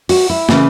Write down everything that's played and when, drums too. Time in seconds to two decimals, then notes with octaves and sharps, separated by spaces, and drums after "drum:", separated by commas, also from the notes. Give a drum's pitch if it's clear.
0.09 F#4, drum: open hi-hat
0.30 E4
0.49 C#3 E3, drum: snare